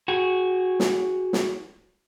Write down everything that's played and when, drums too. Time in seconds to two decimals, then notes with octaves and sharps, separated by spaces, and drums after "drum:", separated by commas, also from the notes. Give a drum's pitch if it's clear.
0.08 F#4 G#4
0.80 drum: snare
1.33 drum: snare